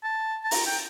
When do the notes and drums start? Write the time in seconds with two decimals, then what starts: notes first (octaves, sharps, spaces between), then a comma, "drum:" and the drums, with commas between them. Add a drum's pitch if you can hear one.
0.03 A5
0.44 A5
0.51 A#5, drum: open hi-hat
0.66 G5